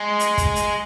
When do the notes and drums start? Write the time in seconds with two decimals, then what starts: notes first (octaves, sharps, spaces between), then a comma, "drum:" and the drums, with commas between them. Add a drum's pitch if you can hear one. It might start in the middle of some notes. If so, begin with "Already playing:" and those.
Already playing: G#3
0.20 drum: hi-hat
0.38 drum: kick, hi-hat
0.56 drum: hi-hat